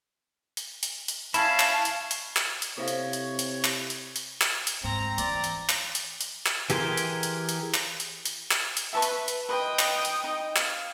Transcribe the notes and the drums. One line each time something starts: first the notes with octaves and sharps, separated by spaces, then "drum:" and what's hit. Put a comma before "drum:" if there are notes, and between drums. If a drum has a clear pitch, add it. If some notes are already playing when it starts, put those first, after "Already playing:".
drum: hi-hat
drum: hi-hat
drum: hi-hat
C#4 E4 F5 A5 B5, drum: hi-hat
drum: clap
drum: hi-hat
drum: hi-hat
drum: clap
drum: hi-hat
C3 C4 E4 A4 C#5 E5 F5
drum: hi-hat
drum: hi-hat
drum: hi-hat
drum: clap
drum: hi-hat
drum: hi-hat
drum: clap
drum: hi-hat
G#2 C4 A#5
E3 D5, drum: hi-hat
drum: hi-hat
drum: clap
drum: hi-hat
drum: hi-hat
drum: clap
E3 G4 G#4 A#4 C6, drum: hi-hat
drum: hi-hat
drum: hi-hat
drum: hi-hat
drum: clap
drum: hi-hat
drum: hi-hat
drum: clap
drum: hi-hat
B4 E5 A5 C#6
drum: hi-hat
drum: hi-hat
B4 D#5 G5 C6 D#6
drum: clap
drum: hi-hat
D#4
F5, drum: clap